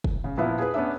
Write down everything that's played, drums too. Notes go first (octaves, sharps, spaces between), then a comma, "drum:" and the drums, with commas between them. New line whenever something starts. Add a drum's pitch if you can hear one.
drum: kick
C#3
A#2 F3 B3 E4 E5
G#4 B4
B3 C#4 D4 E5